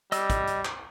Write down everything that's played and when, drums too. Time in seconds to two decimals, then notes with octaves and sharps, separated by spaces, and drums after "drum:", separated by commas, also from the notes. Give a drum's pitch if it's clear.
0.12 G3 D#5 E6, drum: hi-hat
0.30 drum: kick, hi-hat
0.47 drum: hi-hat
0.65 drum: clap